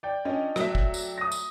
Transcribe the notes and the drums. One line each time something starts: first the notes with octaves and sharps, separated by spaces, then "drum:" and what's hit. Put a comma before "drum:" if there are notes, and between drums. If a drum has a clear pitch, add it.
D5 G5
C#4 D4 F4 D#5
F#3 A3 E5, drum: rim click
drum: kick
drum: tambourine
D#6 A#6
drum: tambourine